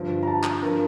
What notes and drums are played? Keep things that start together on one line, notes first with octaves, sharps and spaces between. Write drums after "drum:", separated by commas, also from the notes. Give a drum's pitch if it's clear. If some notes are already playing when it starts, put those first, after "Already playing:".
Already playing: G2 D3 F3
A#5
A5
drum: clap
G2 F3 A#4